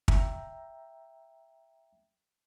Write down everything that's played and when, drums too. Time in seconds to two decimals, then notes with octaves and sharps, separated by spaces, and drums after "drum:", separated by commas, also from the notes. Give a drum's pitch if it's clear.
0.08 E5 G5 A#5, drum: kick